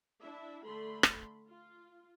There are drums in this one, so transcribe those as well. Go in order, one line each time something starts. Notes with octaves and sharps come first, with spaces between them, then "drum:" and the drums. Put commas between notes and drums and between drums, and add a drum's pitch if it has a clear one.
D4 E4 E5
D3 A3 A4 B5 C6
drum: rim click
F4